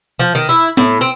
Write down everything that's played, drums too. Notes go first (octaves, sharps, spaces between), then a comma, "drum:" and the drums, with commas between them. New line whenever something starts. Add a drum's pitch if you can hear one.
F3
D#3
E4
A2, drum: tom B3
C4